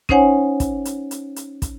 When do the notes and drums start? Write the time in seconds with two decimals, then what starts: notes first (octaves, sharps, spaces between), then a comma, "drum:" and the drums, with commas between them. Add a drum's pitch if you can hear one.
0.09 C#4 D#4 C5 C#5 F#5 G#5, drum: kick
0.60 drum: kick, hi-hat
0.85 drum: hi-hat
1.11 drum: hi-hat
1.36 drum: hi-hat
1.62 drum: kick, hi-hat